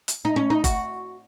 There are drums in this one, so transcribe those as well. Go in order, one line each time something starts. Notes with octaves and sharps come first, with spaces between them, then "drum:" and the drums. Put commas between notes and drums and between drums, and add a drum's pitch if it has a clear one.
drum: hi-hat
D#4
C#4
D#4
F#4, drum: kick F#1, hi-hat